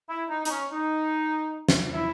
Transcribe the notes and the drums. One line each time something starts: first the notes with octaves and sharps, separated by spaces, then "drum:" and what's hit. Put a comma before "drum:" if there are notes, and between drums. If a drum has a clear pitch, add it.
E4
D#4
D#4, drum: hi-hat
C#4
D#4
drum: snare
E4